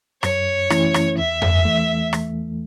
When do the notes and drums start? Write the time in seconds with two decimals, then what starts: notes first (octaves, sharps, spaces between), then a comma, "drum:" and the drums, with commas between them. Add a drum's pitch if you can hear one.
0.23 F#2 C#5, drum: rim click
0.70 E3 A3 C#4 E4, drum: rim click
0.94 drum: rim click
1.18 E2 E5
1.42 drum: tom F2
1.65 E3 A3
2.13 drum: rim click